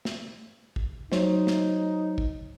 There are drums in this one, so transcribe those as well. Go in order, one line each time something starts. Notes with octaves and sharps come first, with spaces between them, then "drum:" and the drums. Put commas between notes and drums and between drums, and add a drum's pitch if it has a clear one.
drum: snare
drum: kick
F#3 D#4 C5 C#5, drum: snare
drum: snare
drum: kick